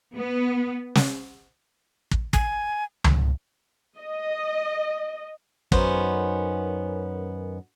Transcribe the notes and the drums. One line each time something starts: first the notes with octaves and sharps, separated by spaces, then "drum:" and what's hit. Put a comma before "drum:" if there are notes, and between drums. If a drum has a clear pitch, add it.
B3
drum: snare
drum: kick
G#5, drum: kick
drum: tom C#2
D#5
F#2 D#3 B3 C#4 C5, drum: kick